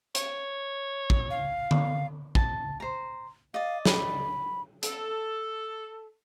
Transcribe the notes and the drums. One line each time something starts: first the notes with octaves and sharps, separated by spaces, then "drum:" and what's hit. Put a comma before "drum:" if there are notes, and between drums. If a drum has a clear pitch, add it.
C#5, drum: hi-hat
drum: kick
F5
drum: tom D3
A5, drum: kick
C5 A#5
D5 D#5 F5
B5, drum: snare
A4, drum: hi-hat